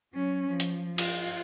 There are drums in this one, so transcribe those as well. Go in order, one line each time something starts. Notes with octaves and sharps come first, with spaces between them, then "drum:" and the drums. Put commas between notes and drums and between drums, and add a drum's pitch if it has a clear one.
F#3 C#4
F3
drum: hi-hat
F4, drum: cymbal